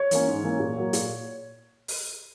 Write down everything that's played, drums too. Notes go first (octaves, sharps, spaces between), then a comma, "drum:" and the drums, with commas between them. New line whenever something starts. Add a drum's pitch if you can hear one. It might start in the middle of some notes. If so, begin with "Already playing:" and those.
Already playing: C#5
E3 A#3 C#4, drum: hi-hat
G#2
E3 A#3 C#4
A#2
F#3 A#3
A#2, drum: hi-hat
drum: open hi-hat